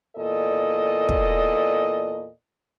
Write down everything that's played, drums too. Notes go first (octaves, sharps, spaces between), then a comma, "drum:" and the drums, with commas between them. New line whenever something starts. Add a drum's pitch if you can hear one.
E2 A#2 A4 D5 D#5
drum: kick